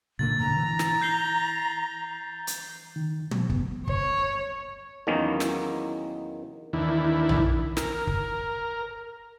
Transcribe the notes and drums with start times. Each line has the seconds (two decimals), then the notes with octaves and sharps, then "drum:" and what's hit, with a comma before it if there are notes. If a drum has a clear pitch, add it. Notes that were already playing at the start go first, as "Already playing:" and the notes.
0.19 A#2 D3 A#3 A6
0.40 G#2 B2 D3 A#5
0.57 E3
0.79 A6, drum: snare
1.01 G6 C7 G7
2.47 drum: hi-hat
2.96 D#3
3.31 B2, drum: tom
3.50 B3, drum: kick
3.87 C#5, drum: kick
5.07 E2 D#3 F#3 A#3 C#4 D#4
5.40 drum: snare
6.73 D#2 D#3 E3 D4 E4
7.29 drum: tom A#1
7.77 A#4, drum: snare
8.07 drum: kick